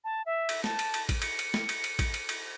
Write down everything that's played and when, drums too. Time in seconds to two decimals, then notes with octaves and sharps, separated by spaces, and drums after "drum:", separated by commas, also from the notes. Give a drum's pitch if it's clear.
0.04 A5
0.26 E5
0.49 drum: cymbal
0.64 A5, drum: snare
0.79 drum: cymbal
0.94 drum: cymbal
1.09 drum: kick A1, cymbal
1.22 C#7, drum: cymbal
1.39 drum: cymbal
1.54 drum: snare
1.69 drum: cymbal
1.84 drum: cymbal
1.99 drum: kick A1, cymbal
2.14 drum: cymbal
2.29 drum: cymbal